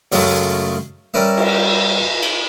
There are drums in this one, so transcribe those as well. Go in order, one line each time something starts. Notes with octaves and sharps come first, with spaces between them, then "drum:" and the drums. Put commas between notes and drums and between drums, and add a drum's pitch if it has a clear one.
C#2 F#2 C#3 F#3 G#3 A3, drum: open hi-hat
G3 C#4 A#4 B4 E5
drum: cymbal
drum: cymbal